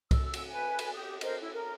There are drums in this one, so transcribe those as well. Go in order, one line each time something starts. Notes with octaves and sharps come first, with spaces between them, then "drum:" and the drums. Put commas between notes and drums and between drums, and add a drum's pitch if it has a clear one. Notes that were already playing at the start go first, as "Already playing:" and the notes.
E6, drum: kick C2, cymbal
drum: cymbal
B4 G#5
drum: cymbal
G4 D#6
A#4 C5 D#5, drum: cymbal
E4
A#4